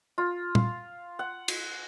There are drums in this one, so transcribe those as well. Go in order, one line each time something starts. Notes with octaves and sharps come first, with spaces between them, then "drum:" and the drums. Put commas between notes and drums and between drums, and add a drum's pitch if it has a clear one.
F4
F5, drum: tom
F#5
drum: cymbal